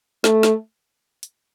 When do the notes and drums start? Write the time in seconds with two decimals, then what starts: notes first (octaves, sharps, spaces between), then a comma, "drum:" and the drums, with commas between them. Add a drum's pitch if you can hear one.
0.24 A3, drum: snare
0.43 drum: snare
1.23 drum: hi-hat